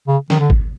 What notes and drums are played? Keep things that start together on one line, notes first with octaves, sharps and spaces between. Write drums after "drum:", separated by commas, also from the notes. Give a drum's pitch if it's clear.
C#3
D#3, drum: snare
D3
drum: kick G#1